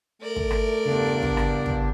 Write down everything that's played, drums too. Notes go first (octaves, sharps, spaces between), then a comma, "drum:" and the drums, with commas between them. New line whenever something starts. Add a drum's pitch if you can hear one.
A3 A#4 D5
drum: kick
drum: rim click
E2 G2 C#3 D4
drum: kick
drum: rim click
drum: kick